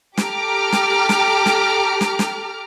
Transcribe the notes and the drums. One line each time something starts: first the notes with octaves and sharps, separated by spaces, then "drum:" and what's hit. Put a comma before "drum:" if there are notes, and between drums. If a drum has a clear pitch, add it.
G4 A4 A#5 D6 F6, drum: snare
drum: snare
drum: snare
drum: snare
drum: snare
drum: snare